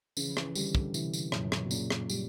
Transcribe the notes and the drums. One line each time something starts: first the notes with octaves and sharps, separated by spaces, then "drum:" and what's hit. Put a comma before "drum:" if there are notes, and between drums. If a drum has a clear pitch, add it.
C#3 E3, drum: tambourine
F3
E3, drum: rim click
D3 G3, drum: tambourine
D3, drum: kick
C3 E3, drum: tambourine
drum: tambourine
F#2 A#2, drum: rim click
drum: rim click
B2
A#2 C#3, drum: tambourine
drum: rim click
G3, drum: tambourine